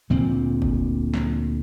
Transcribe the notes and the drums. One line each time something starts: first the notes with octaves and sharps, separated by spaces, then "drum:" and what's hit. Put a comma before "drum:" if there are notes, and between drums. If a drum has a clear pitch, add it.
D2 A#2 C4
drum: kick
drum: snare